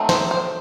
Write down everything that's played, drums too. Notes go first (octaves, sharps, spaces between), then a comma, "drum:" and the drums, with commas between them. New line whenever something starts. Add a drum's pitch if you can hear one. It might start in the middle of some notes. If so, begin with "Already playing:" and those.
Already playing: D#3 F#3 A3 C4
C5, drum: snare
C5